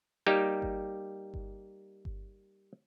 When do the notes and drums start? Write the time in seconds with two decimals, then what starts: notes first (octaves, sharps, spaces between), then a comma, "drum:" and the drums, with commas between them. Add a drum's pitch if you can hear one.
0.26 G3 A#3 D#4 G4
0.62 drum: kick G1
1.34 drum: kick G1
2.05 drum: kick G1